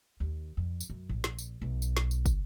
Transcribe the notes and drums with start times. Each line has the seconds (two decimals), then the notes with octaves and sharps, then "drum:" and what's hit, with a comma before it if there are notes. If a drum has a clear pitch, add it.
0.20 D#2
0.57 F2
0.80 drum: tambourine
0.90 F#2
1.09 A#1, drum: tom G#2
1.24 drum: snare
1.39 drum: tambourine
1.62 B1
1.82 drum: tambourine
1.97 drum: snare
2.11 drum: tambourine
2.26 drum: kick, tambourine